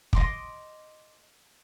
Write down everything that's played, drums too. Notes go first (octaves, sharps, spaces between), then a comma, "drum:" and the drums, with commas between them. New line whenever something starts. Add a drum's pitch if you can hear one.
D#5 C6 D6, drum: kick